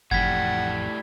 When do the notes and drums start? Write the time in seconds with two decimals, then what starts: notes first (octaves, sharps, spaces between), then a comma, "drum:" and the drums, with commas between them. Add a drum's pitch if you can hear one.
0.11 A1 F2 A2 G3 F#5 G#6 B6, drum: kick F#1